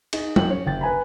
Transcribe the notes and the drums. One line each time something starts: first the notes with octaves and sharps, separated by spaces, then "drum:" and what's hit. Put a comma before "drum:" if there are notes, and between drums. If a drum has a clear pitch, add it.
D#4 G#4, drum: cymbal
F#2 F3 F#4 C#5 G5 F#7, drum: tom
C#4 C#5
F#1 G5 A6
B4 G#5 A#5 B5